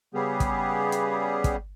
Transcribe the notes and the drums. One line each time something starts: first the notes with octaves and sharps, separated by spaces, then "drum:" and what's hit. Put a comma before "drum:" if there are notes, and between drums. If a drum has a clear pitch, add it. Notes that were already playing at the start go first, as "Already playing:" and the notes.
C#3 G3 B3 G4 G#4
drum: kick, hi-hat
drum: hi-hat
drum: kick, hi-hat